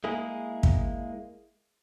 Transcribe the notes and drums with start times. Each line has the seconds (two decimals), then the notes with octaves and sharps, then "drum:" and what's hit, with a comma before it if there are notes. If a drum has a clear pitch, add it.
0.04 G#3 A#3 E4 G#4
0.63 drum: kick